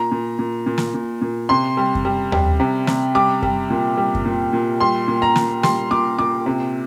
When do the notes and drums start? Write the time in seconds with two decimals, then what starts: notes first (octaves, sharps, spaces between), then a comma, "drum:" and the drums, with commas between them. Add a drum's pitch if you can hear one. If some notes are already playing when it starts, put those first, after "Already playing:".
Already playing: A#2 A#5
0.12 A#2
0.39 A#2
0.66 A#2
0.78 drum: snare
0.94 A#2
1.22 A#2
1.49 C3 C6
1.77 G3
1.95 drum: kick F#2
2.05 G3
2.32 G3, drum: tom D#2
2.60 C3
2.87 C3, drum: snare
3.15 G3 D6
3.43 G3, drum: kick F#2
3.70 A#2
3.97 G3
4.15 drum: kick F#2
4.26 A#2
4.53 A#2
4.80 G3 C6
5.08 A#2
5.22 A#5
5.36 A#2, drum: snare
5.63 G3 C6, drum: snare
5.91 A#2 D6
6.19 A#2 D6
6.46 C3